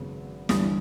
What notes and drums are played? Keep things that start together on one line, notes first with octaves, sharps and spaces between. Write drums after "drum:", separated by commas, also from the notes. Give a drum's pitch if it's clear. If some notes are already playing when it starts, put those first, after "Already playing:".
Already playing: G#1 F#2 C#3 F#3 B3
G1 G2 E3 G3 D#6, drum: snare